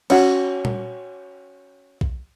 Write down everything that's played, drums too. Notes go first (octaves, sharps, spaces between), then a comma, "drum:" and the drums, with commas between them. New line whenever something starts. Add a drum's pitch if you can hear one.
C#4 F#4, drum: cymbal
drum: tom A#2
drum: kick